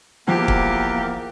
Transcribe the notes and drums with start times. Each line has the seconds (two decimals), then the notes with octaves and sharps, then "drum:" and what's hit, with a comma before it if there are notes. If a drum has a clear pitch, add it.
0.28 E2 F3 A#3 G4
0.48 drum: kick